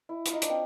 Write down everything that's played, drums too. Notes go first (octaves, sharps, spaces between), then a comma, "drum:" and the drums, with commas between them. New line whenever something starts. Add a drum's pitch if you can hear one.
E4
F4, drum: hi-hat
D#4
D4, drum: hi-hat
C4